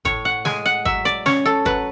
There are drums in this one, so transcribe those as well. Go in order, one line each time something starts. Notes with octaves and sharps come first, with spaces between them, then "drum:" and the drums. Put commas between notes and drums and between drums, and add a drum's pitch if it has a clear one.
A2 C#5, drum: kick
F#5
G#3 G#5, drum: snare
F#5
F#3 E5, drum: kick
D5
C#4 C#5, drum: snare
A4
F#3 B4, drum: kick